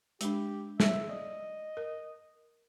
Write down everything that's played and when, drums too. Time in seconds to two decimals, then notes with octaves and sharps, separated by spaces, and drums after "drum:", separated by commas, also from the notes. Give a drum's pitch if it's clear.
0.21 G#3 D4 G4, drum: hi-hat
0.80 E5, drum: snare
1.09 D5 D#5
1.77 A#4